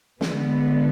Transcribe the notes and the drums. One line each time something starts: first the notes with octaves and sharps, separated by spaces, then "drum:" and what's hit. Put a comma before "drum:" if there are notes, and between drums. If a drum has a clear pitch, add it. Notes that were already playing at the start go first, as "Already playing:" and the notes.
D3 G#3 B3, drum: snare